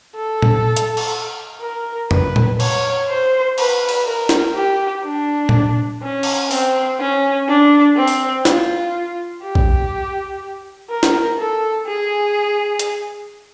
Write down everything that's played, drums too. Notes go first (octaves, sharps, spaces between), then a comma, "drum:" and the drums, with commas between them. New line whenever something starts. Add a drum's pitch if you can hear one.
A4
drum: tom A#2
drum: hi-hat
drum: cymbal
A#4
B4, drum: tom F2
drum: tom A#2
C#5, drum: cymbal
C5
B4, drum: cymbal
drum: cymbal
A#4
drum: snare
G4
D4
drum: tom A#2
C#4
drum: cymbal
C4, drum: open hi-hat
C#4
D4
C4
drum: open hi-hat
F4, drum: snare
G4
drum: kick A#1
A#4
drum: snare
A4
G#4
drum: hi-hat